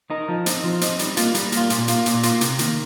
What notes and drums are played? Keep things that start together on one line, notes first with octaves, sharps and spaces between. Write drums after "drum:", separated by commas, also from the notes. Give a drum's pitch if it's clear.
D#4 A#4
F3
C4 D#4, drum: hi-hat
F3
C4 D#4, drum: hi-hat
G3, drum: hi-hat
A#3 F4, drum: hi-hat
G3, drum: hi-hat
A#3 F4, drum: hi-hat
A#2, drum: hi-hat
A#3 F4, drum: hi-hat
A#2, drum: hi-hat
A#3 F4, drum: hi-hat
C3, drum: hi-hat
D#3 A#3, drum: hi-hat